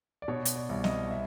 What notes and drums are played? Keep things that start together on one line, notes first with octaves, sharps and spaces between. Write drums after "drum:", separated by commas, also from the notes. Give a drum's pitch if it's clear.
D5
B2 C#5
drum: hi-hat
D5
C2
D#5, drum: snare
E5